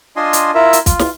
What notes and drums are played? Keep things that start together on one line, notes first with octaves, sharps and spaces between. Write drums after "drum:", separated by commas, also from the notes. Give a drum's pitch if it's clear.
D4 F4 D#5 G#5 C6
drum: hi-hat
E4 F4 A#4 E5
drum: hi-hat
F4, drum: kick, hi-hat
drum: snare